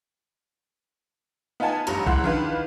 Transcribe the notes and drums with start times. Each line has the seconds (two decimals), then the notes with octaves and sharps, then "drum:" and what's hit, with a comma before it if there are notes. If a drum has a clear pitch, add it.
1.60 B3 D#4 F4 F#5 G#5 A5
1.87 A1 G2 A#5, drum: hi-hat
2.06 C#2 E4 F#5 C6 F#6, drum: kick
2.24 D#3 E3 D4 F4 B4, drum: tom F3